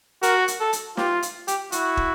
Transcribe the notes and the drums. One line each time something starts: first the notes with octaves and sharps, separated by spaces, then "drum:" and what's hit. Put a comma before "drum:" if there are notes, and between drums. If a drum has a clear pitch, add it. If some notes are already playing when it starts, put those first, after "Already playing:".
F#4 A#4, drum: hi-hat
drum: hi-hat
A4
drum: hi-hat
F4 G4, drum: snare
drum: hi-hat
G4, drum: hi-hat
E4 F#4, drum: hi-hat
drum: kick